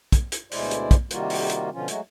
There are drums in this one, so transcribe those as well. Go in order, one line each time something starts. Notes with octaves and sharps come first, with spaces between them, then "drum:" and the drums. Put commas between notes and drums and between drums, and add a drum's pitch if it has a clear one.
drum: kick, hi-hat
drum: hi-hat
D2 B2 G#3 E4 C5 D5, drum: open hi-hat
drum: hi-hat
drum: kick, hi-hat
C3 D#3 G3 A#3 F4 F#4, drum: hi-hat
drum: open hi-hat
drum: hi-hat
B2 D3 F3 C#4 F4
F#3 G#3 A3 F#4, drum: hi-hat